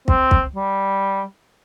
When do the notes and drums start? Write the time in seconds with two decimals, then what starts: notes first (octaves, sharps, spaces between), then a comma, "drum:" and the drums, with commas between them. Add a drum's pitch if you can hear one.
0.08 C4, drum: kick
0.31 drum: kick
0.56 G3